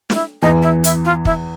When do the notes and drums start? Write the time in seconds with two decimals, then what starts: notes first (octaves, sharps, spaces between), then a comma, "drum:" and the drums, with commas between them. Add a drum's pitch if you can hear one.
0.10 F4, drum: snare
0.15 E4
0.42 E2 E3 D#4
0.62 E4
0.84 E4, drum: hi-hat
1.05 F4
1.25 E4, drum: kick